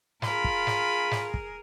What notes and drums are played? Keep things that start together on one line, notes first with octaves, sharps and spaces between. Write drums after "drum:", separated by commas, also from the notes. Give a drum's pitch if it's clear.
F4 G#4 A#4 B5, drum: snare
drum: kick
drum: snare
drum: snare
drum: kick